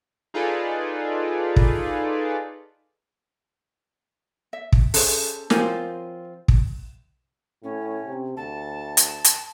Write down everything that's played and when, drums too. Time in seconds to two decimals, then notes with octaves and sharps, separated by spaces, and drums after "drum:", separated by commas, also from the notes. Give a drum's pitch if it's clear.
0.34 D#4 F4 G#4 A4 B4 D5
1.56 drum: kick
4.53 E5
4.72 drum: kick
4.94 C#4 G#4 A4 C5, drum: open hi-hat
5.50 F3 C4 F4 A#4 C#5 G#5, drum: snare
6.48 drum: kick
7.64 A2 C#4
8.06 C3
8.37 D2 A5
8.97 drum: hi-hat
9.24 drum: hi-hat